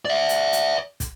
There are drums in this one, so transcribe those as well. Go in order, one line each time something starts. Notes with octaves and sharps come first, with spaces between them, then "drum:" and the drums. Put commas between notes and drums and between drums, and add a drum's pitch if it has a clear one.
D5 E5
drum: hi-hat
drum: hi-hat
drum: kick, hi-hat